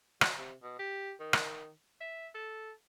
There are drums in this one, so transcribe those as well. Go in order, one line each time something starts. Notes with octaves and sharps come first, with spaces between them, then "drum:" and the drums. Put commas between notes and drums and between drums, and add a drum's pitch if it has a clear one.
F#3, drum: rim click
C3
B2
G4
D#3
drum: rim click
E5
A4